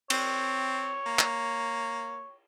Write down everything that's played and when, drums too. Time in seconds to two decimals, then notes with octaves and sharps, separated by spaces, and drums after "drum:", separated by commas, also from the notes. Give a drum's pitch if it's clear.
0.10 C4 C#5, drum: cymbal
1.06 A#3
1.19 drum: clap